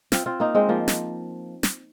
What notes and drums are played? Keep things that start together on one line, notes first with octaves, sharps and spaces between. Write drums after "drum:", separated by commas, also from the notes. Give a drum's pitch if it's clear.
C4 F4, drum: snare
C4 F4
A#3 D#4
G#3 C4
F3 A#3
drum: snare
drum: snare